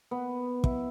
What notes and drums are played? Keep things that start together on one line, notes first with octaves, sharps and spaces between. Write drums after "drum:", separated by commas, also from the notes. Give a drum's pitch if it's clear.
B3
E4, drum: kick